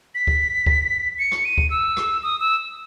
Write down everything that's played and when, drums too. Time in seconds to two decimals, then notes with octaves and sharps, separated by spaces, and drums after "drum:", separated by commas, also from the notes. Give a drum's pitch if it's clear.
0.15 B6
0.27 drum: kick
0.66 drum: kick
1.19 C#7
1.32 drum: rim click
1.45 D#7
1.58 drum: kick
1.71 E6
1.97 drum: rim click
2.23 D#6
2.40 E6